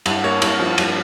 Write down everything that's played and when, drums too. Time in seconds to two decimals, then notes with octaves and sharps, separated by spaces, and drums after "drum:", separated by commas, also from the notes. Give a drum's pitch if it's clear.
0.06 G2, drum: cymbal
0.24 A#3 C#5
0.42 G2, drum: cymbal
0.60 F3
0.78 G2, drum: cymbal